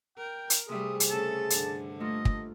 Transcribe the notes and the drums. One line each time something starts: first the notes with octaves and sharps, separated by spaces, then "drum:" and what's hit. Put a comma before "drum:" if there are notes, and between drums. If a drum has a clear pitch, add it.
A#4 G5
drum: hi-hat
C3 G3 A3 G#4 E5 D#6
drum: hi-hat
C#3 A3 A4 A5
G2 D3, drum: hi-hat
A3 A#3 F4 D#5
drum: kick